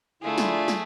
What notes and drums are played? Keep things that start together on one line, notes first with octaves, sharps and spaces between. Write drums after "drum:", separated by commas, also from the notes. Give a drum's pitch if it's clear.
D3 A3 E4 F4 G#4
drum: snare
drum: snare